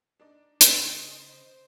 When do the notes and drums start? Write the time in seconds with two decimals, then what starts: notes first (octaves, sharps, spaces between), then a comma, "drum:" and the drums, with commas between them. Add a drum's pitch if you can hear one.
0.20 D4 D#4 D5
0.61 C#3 D#5, drum: hi-hat
1.16 C5